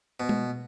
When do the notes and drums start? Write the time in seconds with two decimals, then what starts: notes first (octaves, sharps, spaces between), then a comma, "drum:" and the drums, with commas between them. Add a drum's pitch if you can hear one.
0.20 B2
0.29 drum: tom G#3